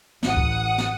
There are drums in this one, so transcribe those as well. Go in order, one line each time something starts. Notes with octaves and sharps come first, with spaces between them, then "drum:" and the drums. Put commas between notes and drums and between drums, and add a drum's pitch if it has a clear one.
A1 F#5 D#6, drum: snare
drum: kick C#2
drum: snare